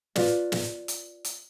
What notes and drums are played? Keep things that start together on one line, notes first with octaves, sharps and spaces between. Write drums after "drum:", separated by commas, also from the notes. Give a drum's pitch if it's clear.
F4 B4 D5, drum: snare
drum: snare
drum: hi-hat
drum: hi-hat